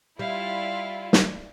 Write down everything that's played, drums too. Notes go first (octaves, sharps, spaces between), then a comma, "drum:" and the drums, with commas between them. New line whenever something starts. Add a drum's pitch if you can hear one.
G3 E4 F4 F5
drum: snare